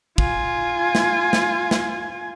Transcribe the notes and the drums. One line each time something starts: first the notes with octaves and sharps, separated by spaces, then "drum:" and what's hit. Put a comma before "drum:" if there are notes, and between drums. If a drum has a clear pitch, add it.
F4 G#5, drum: kick
drum: snare
drum: snare
drum: snare